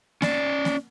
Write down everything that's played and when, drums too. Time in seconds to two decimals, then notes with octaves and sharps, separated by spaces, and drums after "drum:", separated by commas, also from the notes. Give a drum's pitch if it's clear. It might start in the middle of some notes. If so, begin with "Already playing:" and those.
0.22 C#4 D5, drum: snare A#3
0.65 drum: snare A#3